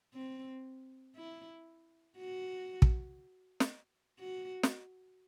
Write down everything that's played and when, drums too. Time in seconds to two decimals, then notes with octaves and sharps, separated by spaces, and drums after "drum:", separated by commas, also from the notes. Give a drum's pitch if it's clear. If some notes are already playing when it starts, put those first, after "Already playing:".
0.14 C4
1.16 E4
2.17 F#4
2.82 drum: kick
3.60 drum: snare
4.19 F#4
4.63 drum: snare